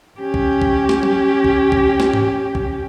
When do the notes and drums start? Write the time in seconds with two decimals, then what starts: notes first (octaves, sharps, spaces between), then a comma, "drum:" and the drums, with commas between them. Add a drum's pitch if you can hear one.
0.20 C#4 G4
0.34 drum: kick B1
0.62 drum: kick B1
0.89 drum: snare
1.03 drum: tom F#3
1.44 drum: kick B1
1.72 drum: kick B1
2.00 drum: snare
2.14 drum: tom G#2
2.55 drum: kick B1